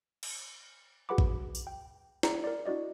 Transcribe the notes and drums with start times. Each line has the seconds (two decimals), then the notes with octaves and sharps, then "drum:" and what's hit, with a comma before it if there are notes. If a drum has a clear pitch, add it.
0.23 drum: cymbal
1.09 F#4 G#4 B4 F#5 B5 D6
1.18 drum: kick
1.55 drum: tambourine
1.67 G5
2.23 G#4 D5 A#5 C#7, drum: snare
2.44 A#4 D5
2.66 D4 E4 F#4 D5 D#5